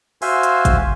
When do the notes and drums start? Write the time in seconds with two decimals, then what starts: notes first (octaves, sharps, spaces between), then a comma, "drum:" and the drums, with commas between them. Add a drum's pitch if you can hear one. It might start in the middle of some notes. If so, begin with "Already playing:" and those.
0.22 F#4 C5 E5 F5 G#5 C6, drum: open hi-hat
0.43 drum: hi-hat
0.65 drum: kick, hi-hat